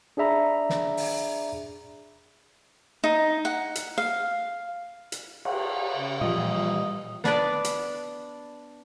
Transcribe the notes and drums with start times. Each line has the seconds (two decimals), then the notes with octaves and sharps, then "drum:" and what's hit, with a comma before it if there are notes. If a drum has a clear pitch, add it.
0.17 D4 G#4 D5 E5 A#5 B5
0.69 drum: snare
0.97 drum: open hi-hat
3.04 D#4
3.45 F#5
3.75 drum: hi-hat
3.98 F5
5.12 drum: hi-hat
5.45 drum: cymbal
5.96 C#3
6.21 A#2 E3 F3 G3 D#5
7.24 B3 D4 B4 D5, drum: snare
7.65 drum: hi-hat